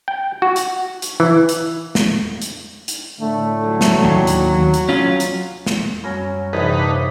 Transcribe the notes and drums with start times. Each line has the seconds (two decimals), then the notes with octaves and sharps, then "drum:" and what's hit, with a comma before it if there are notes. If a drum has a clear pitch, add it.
0.08 G5
0.42 F#4
0.56 drum: hi-hat
1.02 drum: hi-hat
1.20 E3
1.49 drum: hi-hat
1.95 drum: snare
2.42 drum: hi-hat
2.88 drum: hi-hat
3.20 A2 D3 A3
3.66 F#3
3.81 drum: snare
4.04 D#2
4.27 drum: hi-hat
4.74 drum: hi-hat
4.89 C#4 F4
5.20 drum: hi-hat
5.66 drum: snare
6.03 F#2 F#3 G3 C#4 B5 A#6
6.53 A#1 F#2 A2 C3 E3 D#4 B4
6.79 D4